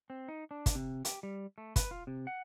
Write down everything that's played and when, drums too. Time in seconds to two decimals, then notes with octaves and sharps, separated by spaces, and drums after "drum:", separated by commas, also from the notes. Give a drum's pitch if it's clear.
0.10 C4
0.28 D#4
0.51 D4
0.66 drum: kick, hi-hat
0.75 C3
1.05 G4, drum: hi-hat
1.23 G3
1.58 A3
1.76 B4, drum: kick, hi-hat
1.91 F4
2.07 C3
2.27 F#5